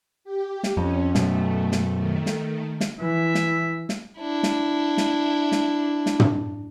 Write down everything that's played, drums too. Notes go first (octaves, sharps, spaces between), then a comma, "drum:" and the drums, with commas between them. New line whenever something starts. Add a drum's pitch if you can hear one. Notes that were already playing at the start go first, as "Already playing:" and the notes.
G4
drum: snare
F2 C#4
F#2 B2 A3, drum: snare
drum: snare
D#3 A3
drum: snare
drum: snare
E3 E5
drum: snare
drum: snare
D4 E4
drum: snare
drum: snare
drum: snare
drum: snare
drum: tom